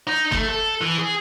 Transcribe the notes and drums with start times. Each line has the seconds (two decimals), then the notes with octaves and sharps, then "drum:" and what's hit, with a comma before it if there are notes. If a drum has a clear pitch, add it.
0.07 D#4
0.32 A3, drum: kick
0.48 A4
0.81 E3
0.98 G#4